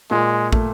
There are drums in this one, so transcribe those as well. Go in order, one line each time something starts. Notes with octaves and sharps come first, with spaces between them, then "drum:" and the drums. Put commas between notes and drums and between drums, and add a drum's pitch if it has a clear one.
A#2 G#3
A3, drum: kick